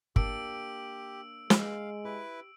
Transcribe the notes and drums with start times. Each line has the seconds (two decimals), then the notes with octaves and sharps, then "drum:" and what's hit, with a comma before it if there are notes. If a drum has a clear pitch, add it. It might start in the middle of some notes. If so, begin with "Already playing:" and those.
0.16 A#3 D4 G4 D5 E6 D7, drum: kick
1.50 G#3 F5, drum: snare
2.05 E4 G4 B4